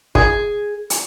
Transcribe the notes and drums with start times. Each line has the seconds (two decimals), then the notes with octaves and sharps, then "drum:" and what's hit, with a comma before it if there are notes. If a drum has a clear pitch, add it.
0.15 G#4, drum: kick
0.90 drum: hi-hat